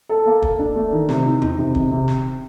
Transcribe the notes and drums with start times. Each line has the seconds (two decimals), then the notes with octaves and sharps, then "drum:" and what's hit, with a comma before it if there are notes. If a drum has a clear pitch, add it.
0.09 A4
0.26 A#3
0.42 A4, drum: kick
0.59 D4
0.76 A3
0.92 D#3
1.09 C3, drum: snare
1.25 D#4
1.42 D#4, drum: tom E2
1.58 C3
1.75 C3, drum: kick
1.91 C3
2.08 drum: snare